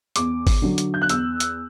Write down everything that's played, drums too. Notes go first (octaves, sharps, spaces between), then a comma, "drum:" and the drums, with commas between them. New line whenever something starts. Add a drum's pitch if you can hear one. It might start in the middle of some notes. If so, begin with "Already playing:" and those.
E2 D6, drum: hi-hat
drum: kick G#1, open hi-hat
D3 F#3
drum: hi-hat
G6
F#6
E2 E6, drum: hi-hat
drum: hi-hat